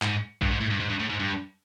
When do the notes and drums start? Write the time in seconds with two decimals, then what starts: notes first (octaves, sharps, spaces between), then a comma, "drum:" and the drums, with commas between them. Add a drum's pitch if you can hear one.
0.02 G#2, drum: clap
0.42 G2, drum: kick
0.51 G#2
0.61 A2
0.71 G2
0.80 G#2
0.89 G2
1.00 A2
1.10 G#2
1.20 G2